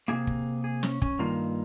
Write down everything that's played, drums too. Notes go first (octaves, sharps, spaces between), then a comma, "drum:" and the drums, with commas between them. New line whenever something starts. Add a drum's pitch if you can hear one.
C3 D#3 A#3 G#4
drum: kick
G#4
C#4, drum: snare
C#4, drum: kick
G2 D#3 A#3 F4